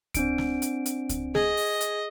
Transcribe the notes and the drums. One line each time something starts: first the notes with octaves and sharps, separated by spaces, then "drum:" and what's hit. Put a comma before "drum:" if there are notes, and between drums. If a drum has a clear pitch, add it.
C4 D4 D7, drum: kick C#2, hi-hat
drum: snare
drum: hi-hat
drum: hi-hat
drum: kick C#2, hi-hat
G#4 D#5, drum: snare
drum: open hi-hat
drum: hi-hat